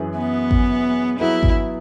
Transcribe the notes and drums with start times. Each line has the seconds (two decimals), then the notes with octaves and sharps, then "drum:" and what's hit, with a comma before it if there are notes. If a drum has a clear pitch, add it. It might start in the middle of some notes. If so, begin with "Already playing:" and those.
Already playing: F#2 E3 C#4 G#4 B4
0.16 B3
0.51 drum: kick G#1
1.20 F#3 B3 E4 G#4 B4
1.43 drum: kick G#1